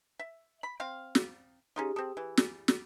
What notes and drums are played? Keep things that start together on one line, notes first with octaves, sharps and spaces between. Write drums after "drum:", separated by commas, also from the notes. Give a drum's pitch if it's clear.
E5
B5
C4 F5
drum: snare
C#4 D#4 F4 G4 G#4 D#6
C4 A4 D#6
E3
drum: snare
drum: snare